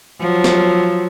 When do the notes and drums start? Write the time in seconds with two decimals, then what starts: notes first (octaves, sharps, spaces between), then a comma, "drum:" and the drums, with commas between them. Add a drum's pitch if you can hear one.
0.20 F3 F#3
0.44 drum: snare